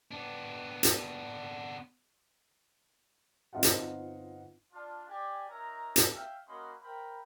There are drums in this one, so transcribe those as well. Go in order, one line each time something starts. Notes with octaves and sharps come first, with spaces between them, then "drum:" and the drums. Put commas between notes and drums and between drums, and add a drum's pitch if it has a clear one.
B3 D4
drum: hi-hat
G1 C4 D#4 F4 F#5
drum: hi-hat
D4 F4
G4 D5 G#5
D#4 A#4 C#5 E5 A#5
drum: hi-hat
E5 F5 G5
A#3 C#4 F#4 D#5 B5 C6
A#4 C5 E5 G5 B5